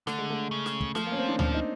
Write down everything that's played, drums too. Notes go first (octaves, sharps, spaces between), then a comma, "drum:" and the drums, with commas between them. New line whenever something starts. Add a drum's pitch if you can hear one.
D3 A3, drum: snare
G#3
A3
C#3
drum: snare
drum: kick
F3 A3, drum: snare
A#3
C#4
C4
D4
F3, drum: tom D2
D#4